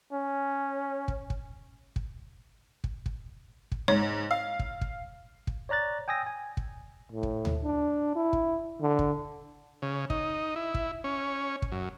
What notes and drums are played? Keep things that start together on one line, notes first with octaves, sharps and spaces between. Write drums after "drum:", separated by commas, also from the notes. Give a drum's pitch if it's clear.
C#4
drum: kick
drum: kick
drum: kick
drum: kick
drum: kick
drum: kick
G#2 C#5
F5
drum: kick
drum: kick
drum: kick
C#5 D5 A#5 F#6 A6
G5 G#5 D#6 E6 A#6
G#5
drum: kick
A2
drum: kick
drum: tom D2
D4
E4
drum: kick
D3
drum: kick
C#3
D#4, drum: kick
E4
drum: kick
C#4
drum: kick
F#2